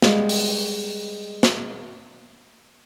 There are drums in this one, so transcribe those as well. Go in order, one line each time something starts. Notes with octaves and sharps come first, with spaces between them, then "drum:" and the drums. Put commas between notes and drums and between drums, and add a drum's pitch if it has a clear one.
G3 G#3 B3 F5, drum: snare
drum: open hi-hat
drum: snare